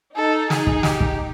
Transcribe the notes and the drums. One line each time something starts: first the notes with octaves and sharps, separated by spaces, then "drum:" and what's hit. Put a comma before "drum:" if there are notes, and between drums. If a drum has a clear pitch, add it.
D#4 A4
G#4, drum: snare
drum: kick
G4, drum: snare
drum: kick